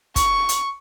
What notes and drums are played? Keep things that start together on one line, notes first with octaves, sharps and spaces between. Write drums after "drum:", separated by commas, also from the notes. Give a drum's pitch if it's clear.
C#6, drum: kick, hi-hat
drum: hi-hat